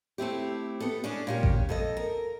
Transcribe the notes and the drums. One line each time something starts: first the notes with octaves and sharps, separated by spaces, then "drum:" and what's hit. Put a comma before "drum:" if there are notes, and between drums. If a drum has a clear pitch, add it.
A3 C4 E4 G4
B3 A4
C#4 D4 G#4
A#2 C#4 G4
drum: kick A1
F2 A4 D#5
A#4